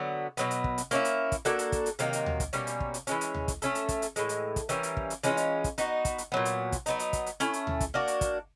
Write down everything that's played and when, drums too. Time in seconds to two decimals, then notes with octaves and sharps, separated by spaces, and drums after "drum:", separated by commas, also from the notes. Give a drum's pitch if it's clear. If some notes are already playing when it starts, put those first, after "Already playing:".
Already playing: D3 F#3 B3
0.37 B2 F#3 B3, drum: hi-hat
0.51 drum: hi-hat
0.64 drum: kick
0.78 drum: hi-hat
0.91 A#3 C#4 E4, drum: hi-hat
1.05 drum: hi-hat
1.32 drum: kick, hi-hat
1.45 A#3 D4 F#4 A4, drum: hi-hat
1.59 drum: hi-hat
1.72 drum: kick, hi-hat
1.86 drum: hi-hat
1.99 C3 D#3 F#3 A#3, drum: hi-hat
2.13 drum: hi-hat
2.26 drum: tom D2
2.40 drum: kick, hi-hat
2.53 B2 G3 A#3 C#4, drum: hi-hat
2.67 drum: hi-hat
2.80 drum: kick
2.94 drum: hi-hat
3.07 E3 G#3 C#4, drum: hi-hat
3.21 drum: hi-hat
3.34 drum: tom D2
3.48 drum: kick, hi-hat
3.62 A3 C#4 E4 A4, drum: hi-hat
3.75 drum: hi-hat
3.89 drum: kick, hi-hat
4.02 drum: hi-hat
4.16 A2 E3 G#3, drum: hi-hat
4.29 drum: hi-hat
4.56 drum: kick, hi-hat
4.69 E3 G3 A#3 C#4, drum: hi-hat
4.83 drum: hi-hat
4.97 drum: kick
5.10 drum: hi-hat
5.23 E3 G#3 C#4 F4, drum: hi-hat
5.37 drum: hi-hat
5.64 drum: kick, hi-hat
5.78 B3 D#4 F#4, drum: hi-hat
6.05 drum: kick, hi-hat
6.18 drum: hi-hat
6.32 A#2 F#3 B3
6.45 drum: hi-hat
6.72 drum: kick, hi-hat
6.86 F#3 B3 D#4, drum: hi-hat
6.99 drum: hi-hat
7.13 drum: kick, hi-hat
7.26 drum: hi-hat
7.40 A3 C#4 E4, drum: hi-hat
7.53 drum: hi-hat
7.67 drum: tom D2
7.80 drum: kick, hi-hat
7.94 A#3 D4 F#4
8.08 drum: hi-hat
8.21 drum: kick, hi-hat